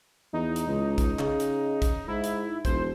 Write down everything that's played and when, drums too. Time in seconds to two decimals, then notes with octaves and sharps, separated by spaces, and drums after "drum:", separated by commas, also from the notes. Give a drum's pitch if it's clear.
0.33 E2 D#4
0.56 drum: hi-hat
0.67 C#2
0.98 drum: kick, hi-hat
1.19 C#3, drum: clap
1.40 drum: hi-hat
1.82 drum: kick, hi-hat
2.08 G#2 E4
2.24 drum: hi-hat
2.65 E1 C5, drum: kick, hi-hat